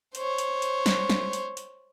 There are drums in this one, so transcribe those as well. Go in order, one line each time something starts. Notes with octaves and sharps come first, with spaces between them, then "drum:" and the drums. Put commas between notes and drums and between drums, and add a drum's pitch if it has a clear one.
C5 C#5, drum: hi-hat
drum: hi-hat
drum: hi-hat
drum: snare
drum: snare
drum: hi-hat
drum: hi-hat